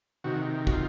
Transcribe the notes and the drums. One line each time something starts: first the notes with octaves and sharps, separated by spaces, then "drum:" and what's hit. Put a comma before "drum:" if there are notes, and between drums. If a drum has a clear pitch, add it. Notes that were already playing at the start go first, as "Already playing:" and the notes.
C3 D#3 F#4
F#4, drum: kick
F4